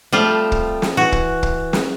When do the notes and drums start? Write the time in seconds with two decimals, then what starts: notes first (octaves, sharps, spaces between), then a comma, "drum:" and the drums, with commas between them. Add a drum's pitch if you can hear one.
0.12 F3 G3 A3 C4 F4
0.52 drum: kick
0.82 drum: snare
0.97 E3 F#4
1.12 drum: kick
1.43 drum: kick
1.73 drum: snare